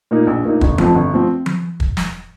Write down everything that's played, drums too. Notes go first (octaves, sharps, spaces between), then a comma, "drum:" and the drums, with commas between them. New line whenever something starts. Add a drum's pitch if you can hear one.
A#2 A#3 D#4
A#1
A#2 A#3 D#4
G1, drum: kick
F2 F3 C4, drum: tom F3
G1
F3 C4
drum: tom F3
drum: kick
drum: snare